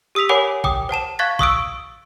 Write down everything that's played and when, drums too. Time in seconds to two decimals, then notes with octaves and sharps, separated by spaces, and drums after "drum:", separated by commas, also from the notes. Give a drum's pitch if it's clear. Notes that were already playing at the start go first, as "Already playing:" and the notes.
0.15 G4 D#6 E6 B6 F7
0.29 A#4 C#5 F#5 G#5 B5 D6
0.64 G5 D6 D#6, drum: kick A1
0.89 C5 F#5 A5 E7
1.19 F5 C#6 F#6 G#6 A6 B6
1.39 C#6 D#6 E6 D7, drum: kick A1